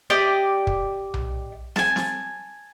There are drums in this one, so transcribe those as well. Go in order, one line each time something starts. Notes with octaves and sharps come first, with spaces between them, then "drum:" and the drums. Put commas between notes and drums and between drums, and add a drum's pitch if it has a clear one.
G4 D5 D#5
drum: kick
drum: tom B1
G#5 A5, drum: snare
drum: snare